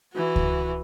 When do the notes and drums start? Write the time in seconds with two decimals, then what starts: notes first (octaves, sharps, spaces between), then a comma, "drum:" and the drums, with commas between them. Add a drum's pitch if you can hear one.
0.13 E3 F#4
0.36 drum: kick C#2